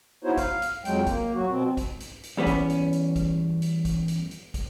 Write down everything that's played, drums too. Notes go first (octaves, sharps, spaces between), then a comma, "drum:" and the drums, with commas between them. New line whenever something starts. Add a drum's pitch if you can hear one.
B3 D#4 E4 F#4 C5 C#5
F5, drum: kick, hi-hat
drum: hi-hat
F2 F#3 G#3 G5, drum: hi-hat
A#3, drum: kick, hi-hat
F#3 F#4
B2 C4
drum: kick, hi-hat
drum: hi-hat
drum: hi-hat
E2 G3 B3 C#4
drum: kick, hi-hat
drum: hi-hat
drum: hi-hat
drum: kick, hi-hat
drum: hi-hat
drum: kick, hi-hat
drum: hi-hat
drum: hi-hat
drum: kick, hi-hat